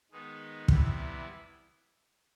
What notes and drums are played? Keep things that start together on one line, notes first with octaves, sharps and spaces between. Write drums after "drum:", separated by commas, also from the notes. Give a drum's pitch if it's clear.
D#3 G#3 B3 D#4
C3 E3 G3 B3 E4, drum: kick